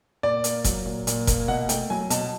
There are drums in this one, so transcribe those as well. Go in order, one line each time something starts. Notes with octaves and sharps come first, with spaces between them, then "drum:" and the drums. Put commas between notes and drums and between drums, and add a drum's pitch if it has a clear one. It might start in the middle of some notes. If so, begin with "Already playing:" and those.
A#2 D5
A#3, drum: hi-hat
F#3, drum: kick F1, hi-hat
A#2
A#2, drum: hi-hat
A#3, drum: kick F1, hi-hat
B2 F#5
A3 G5, drum: hi-hat
F#3 G#5
B2 A5, drum: hi-hat